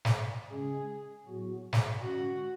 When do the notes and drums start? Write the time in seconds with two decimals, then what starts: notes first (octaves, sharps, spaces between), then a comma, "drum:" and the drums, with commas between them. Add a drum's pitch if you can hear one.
0.05 drum: snare
0.50 C#3 G#3 C#4 G#4
1.26 A2 F#3 B3 F#4
1.73 drum: snare
2.02 D3 G#3 C#4 F#4